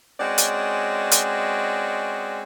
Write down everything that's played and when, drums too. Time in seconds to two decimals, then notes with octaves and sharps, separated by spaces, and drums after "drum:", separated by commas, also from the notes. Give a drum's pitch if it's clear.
0.19 G#3 C4 C#4 F#4 D5 D#5
0.38 drum: hi-hat
1.12 drum: hi-hat